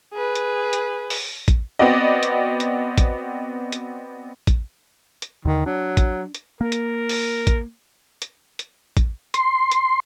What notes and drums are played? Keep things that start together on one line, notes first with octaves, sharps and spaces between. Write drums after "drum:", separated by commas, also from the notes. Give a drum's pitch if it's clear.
G#4 B4
drum: hi-hat
drum: hi-hat
drum: open hi-hat
drum: kick, hi-hat
B3 C4 F#4 D5 D#5
drum: hi-hat
drum: hi-hat
drum: kick, hi-hat
drum: hi-hat
drum: kick, hi-hat
drum: hi-hat
D#2 D3 D#3
F#3 D4
drum: kick, hi-hat
drum: hi-hat
A#3 A#4
drum: hi-hat
drum: open hi-hat
drum: kick, hi-hat
drum: hi-hat
drum: hi-hat
drum: kick, hi-hat
C6, drum: hi-hat
drum: hi-hat